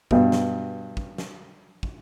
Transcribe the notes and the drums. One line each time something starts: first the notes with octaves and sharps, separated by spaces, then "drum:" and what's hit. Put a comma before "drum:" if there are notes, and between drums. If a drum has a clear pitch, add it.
G2 B2, drum: kick
drum: snare
drum: kick
drum: snare
drum: kick